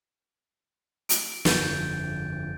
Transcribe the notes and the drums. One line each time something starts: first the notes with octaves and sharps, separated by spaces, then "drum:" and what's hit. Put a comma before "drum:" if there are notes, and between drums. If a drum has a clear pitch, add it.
D7, drum: hi-hat
G1 F2 D3 G6 A6, drum: snare